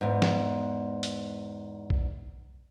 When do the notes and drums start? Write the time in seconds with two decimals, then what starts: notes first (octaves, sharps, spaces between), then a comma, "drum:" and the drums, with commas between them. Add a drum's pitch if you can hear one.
0.01 E2 G#2
0.22 drum: snare
1.03 drum: hi-hat
1.90 drum: kick B1